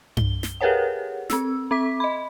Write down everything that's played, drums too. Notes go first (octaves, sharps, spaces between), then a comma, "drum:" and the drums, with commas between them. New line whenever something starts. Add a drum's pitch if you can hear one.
G7, drum: tom G2
drum: snare
G4 G#4 A#4 B4 C#5 F#5
C4 E6, drum: snare
C4 E5 D6 B6
D#5 B5